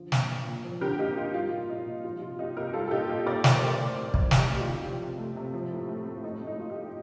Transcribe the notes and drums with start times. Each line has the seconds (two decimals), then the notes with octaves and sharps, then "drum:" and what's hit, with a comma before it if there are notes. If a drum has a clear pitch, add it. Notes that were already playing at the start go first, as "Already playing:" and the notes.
Already playing: D3 F3
0.12 A#2, drum: snare
0.30 A#3
0.47 A#2
0.64 F3
0.81 D3 G4 A#4
0.99 A#3 D#4 G4
1.16 D3 F4
1.34 G3 F4
1.52 A#2
1.69 A#3 D#4
1.87 A#2
2.04 F3 F4
2.22 C3 F4
2.39 A#3 D#4 G4
2.56 C3 G4 A#4
2.73 G3 F4 A4
2.88 A4
2.91 A#2 D#4 G4
3.09 A#3 F4
3.27 A#2 A#4 D5
3.44 A3 D5, drum: snare
3.55 C5
3.61 A3 A#4 D5
3.79 A2
3.96 A2
4.14 D#3 A#4 D5, drum: kick
4.31 C3, drum: snare
4.37 D#4 G4
4.49 A3
4.56 G4
4.61 F4
4.66 C3
4.84 F3
5.01 C3
5.18 A3
5.36 C3
5.54 F3
5.71 A2
5.89 A3
6.06 A2
6.24 A3 D#4
6.41 A3
6.47 D#4
6.59 A2 F4
6.70 D#4 G4
6.76 A2